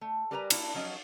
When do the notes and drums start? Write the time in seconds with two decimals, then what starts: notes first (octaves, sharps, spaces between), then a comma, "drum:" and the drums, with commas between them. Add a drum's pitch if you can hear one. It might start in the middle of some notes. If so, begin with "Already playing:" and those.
0.01 A3
0.31 G3 G4 A#4 B4 G#5 A#5
0.50 A#3 D4 E4 F#4, drum: cymbal
0.74 F3 F#3 C#4 D#5